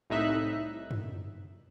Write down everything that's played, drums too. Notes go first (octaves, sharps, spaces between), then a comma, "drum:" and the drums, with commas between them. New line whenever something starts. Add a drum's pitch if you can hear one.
C2 A2 D#4 E5 F#6
drum: tom F#2